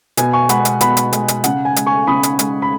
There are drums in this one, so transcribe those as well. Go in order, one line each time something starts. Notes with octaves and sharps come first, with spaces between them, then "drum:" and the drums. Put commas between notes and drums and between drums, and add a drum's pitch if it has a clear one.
B2 G#5, drum: hi-hat
G#5 C#6
G#3 F#5 B5, drum: hi-hat
drum: hi-hat
B2 F#5 B5, drum: hi-hat
drum: hi-hat
G#3, drum: hi-hat
drum: hi-hat
C#3 F#5, drum: hi-hat
G#5
G#3, drum: hi-hat
G#5 C#6
C#3 B5 D#6
drum: hi-hat
G#3, drum: hi-hat
B5